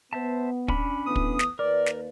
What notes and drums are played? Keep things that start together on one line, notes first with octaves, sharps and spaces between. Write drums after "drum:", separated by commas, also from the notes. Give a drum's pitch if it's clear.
B3 C5 E5 A5
C#4 D4 B5, drum: kick
A2 E3 B3 D#6
drum: kick
drum: snare
D#2 A#3 A#4 B4 D5
drum: snare